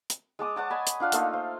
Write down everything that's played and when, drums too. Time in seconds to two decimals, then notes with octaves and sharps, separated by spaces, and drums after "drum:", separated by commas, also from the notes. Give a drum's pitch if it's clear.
0.10 drum: hi-hat
0.39 G#3 A5 D6 D#6
0.56 C#5 F#5 A5 D6
0.70 D#5 G#5 B5
0.87 drum: hi-hat
1.00 D4 F4 F5 F#5
1.12 A3 A#3 D#4 F4, drum: hi-hat
1.33 C5